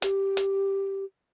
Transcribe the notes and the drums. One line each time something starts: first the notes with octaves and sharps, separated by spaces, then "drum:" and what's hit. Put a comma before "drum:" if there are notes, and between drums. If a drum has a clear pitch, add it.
G4, drum: hi-hat
drum: hi-hat